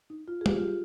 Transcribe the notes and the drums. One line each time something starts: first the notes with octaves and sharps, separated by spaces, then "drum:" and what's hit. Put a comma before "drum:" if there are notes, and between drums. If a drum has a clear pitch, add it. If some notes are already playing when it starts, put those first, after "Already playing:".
D#4
F4
G#4
G4, drum: tom
F4
G4